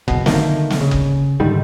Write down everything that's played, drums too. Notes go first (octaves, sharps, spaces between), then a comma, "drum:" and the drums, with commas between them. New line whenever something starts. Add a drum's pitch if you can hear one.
F#1 B2, drum: kick F#1
D3 D#3 A3 A#3, drum: snare
drum: snare
C#3
drum: kick F#1
G#2 D3 D#3 G3